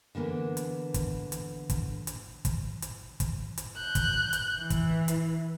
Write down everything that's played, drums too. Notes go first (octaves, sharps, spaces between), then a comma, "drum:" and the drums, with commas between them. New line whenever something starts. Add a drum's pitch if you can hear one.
D3 E3 A#3 B3
drum: hi-hat
drum: kick, hi-hat
drum: hi-hat
drum: kick, hi-hat
drum: hi-hat
drum: kick, hi-hat
drum: hi-hat
drum: kick, hi-hat
drum: hi-hat
F#6 G6
drum: kick, hi-hat
drum: hi-hat
E3
drum: kick, hi-hat
drum: hi-hat